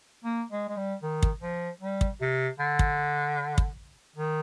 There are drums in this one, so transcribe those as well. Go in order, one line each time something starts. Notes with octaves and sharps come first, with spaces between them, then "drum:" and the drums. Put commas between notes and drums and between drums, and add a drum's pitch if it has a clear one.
A#3
G#3
G#3
G3
D#3
drum: kick
F3
G3
drum: kick
C3
D3
drum: kick
drum: kick
D#3